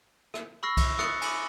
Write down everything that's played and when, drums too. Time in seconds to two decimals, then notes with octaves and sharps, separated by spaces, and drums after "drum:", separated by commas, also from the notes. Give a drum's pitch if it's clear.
0.34 drum: rim click
0.63 B5 C#6 E6 F6 A#6 C7
0.77 drum: kick C2, cymbal
0.99 D#6 F#6 A6 C#7, drum: rim click
1.22 G#5 B5 D6, drum: cymbal